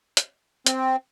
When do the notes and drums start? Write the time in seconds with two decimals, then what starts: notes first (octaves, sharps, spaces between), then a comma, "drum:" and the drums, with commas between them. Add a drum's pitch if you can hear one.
0.17 drum: hi-hat
0.66 C4, drum: hi-hat